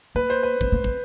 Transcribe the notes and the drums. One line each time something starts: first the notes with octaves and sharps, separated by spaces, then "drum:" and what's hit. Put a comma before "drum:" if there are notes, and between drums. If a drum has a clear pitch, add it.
A#3 B4
C5
B4
B3, drum: kick
A#3
C4, drum: kick